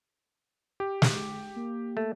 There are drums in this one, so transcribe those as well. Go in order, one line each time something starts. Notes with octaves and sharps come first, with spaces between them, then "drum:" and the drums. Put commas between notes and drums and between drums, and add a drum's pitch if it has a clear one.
G4
drum: snare
A#3
A3